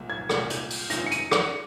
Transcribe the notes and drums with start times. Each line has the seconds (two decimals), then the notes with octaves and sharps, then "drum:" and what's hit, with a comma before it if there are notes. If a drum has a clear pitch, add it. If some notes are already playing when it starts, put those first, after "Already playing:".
Already playing: C2 A#2 G#3
0.10 G#6
0.29 C2 A#2 G#3, drum: rim click
0.50 drum: hi-hat
0.70 drum: open hi-hat
0.90 C3 D#3 G#3 C#4 F4 A#6, drum: hi-hat
1.06 C#7
1.11 D#7, drum: hi-hat
1.31 C#7, drum: rim click